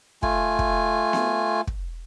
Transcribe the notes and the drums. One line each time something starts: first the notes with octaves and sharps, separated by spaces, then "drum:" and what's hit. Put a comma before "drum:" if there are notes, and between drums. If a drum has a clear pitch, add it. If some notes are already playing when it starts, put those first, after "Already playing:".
A3 F4 G#5, drum: kick
drum: kick
drum: snare B3
drum: kick